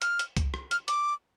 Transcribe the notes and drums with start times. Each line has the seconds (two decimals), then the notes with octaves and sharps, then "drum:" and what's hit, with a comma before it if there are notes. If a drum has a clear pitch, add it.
0.02 F6, drum: hi-hat
0.19 drum: hi-hat
0.37 drum: kick, hi-hat
0.54 drum: rim click
0.71 F6, drum: hi-hat
0.88 D6, drum: hi-hat